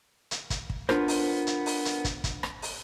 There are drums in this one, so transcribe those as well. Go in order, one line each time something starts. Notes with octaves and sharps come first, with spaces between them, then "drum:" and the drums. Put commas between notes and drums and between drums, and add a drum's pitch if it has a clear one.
drum: hi-hat
drum: kick, hi-hat
drum: kick
B3 D4 F4 A#4 C5, drum: rim click
drum: open hi-hat
drum: hi-hat
drum: open hi-hat
drum: hi-hat
drum: kick, hi-hat
drum: kick, hi-hat
drum: rim click
drum: open hi-hat